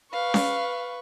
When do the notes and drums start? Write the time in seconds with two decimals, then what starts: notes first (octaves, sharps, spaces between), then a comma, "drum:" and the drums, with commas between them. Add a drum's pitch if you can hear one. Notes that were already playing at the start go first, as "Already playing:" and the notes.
0.13 B4 F5 C#6
0.34 drum: snare C#4